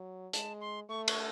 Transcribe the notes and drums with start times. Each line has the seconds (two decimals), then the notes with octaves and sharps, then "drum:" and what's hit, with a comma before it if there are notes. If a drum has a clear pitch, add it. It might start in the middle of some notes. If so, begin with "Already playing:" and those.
Already playing: F#3
0.33 G#3 A5, drum: hi-hat
0.61 C6
0.89 A3 C#6
1.08 C#6, drum: cymbal